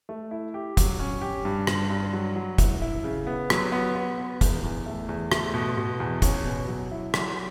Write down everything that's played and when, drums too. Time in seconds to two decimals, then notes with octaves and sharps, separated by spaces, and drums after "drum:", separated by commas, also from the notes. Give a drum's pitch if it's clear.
0.09 A3
0.31 E4
0.54 G4
0.77 F#3, drum: kick, hi-hat
0.99 C#4
1.22 G4
1.45 G2
1.67 G2, drum: rim click
1.90 G2
2.13 F#3
2.36 F#3
2.58 E4, drum: kick, hi-hat
2.81 E4
3.04 C#3
3.27 B3
3.50 F#3, drum: rim click
3.72 B3
3.95 B3
4.18 B3
4.41 E2, drum: kick, hi-hat
4.64 E2
4.86 A3
5.09 E2
5.32 A3, drum: rim click
5.54 B2
5.77 B2
6.00 E2
6.22 C#4, drum: kick, hi-hat
6.45 B2
6.68 F#3
6.91 E4
7.14 F#3, drum: rim click